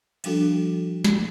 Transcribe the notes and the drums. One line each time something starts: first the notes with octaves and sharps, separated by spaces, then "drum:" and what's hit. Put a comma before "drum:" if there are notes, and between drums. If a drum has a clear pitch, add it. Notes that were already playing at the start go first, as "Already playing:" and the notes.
F3 G3 D4 F#4 A4, drum: cymbal
drum: snare